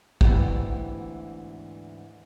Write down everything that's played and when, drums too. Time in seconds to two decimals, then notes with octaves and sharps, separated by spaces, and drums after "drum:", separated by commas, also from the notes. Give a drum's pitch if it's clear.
0.21 D2 G#2 E3 B3 F#4 G4, drum: kick